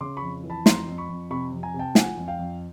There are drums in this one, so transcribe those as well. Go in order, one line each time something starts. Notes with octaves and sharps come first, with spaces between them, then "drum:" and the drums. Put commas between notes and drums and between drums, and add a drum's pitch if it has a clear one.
C#3 C6 D6
B5 C#6
F2
E3
A5 B5
F2 A#5 C6, drum: snare
F2
B5 C#6
F2
C3 B5 C#6
F2
G#5 A#5
C3
G5 A5
F3 F#5 G#5, drum: snare
F2
F5 G5
F2